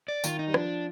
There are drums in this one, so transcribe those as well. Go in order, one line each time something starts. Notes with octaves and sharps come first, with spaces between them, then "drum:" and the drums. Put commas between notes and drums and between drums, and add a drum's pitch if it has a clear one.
D5
D#3 F4, drum: tambourine
D#4
G3
F3 D4, drum: rim click